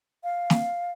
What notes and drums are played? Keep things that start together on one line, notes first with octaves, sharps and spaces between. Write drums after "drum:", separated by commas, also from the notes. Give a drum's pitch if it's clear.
F5
drum: snare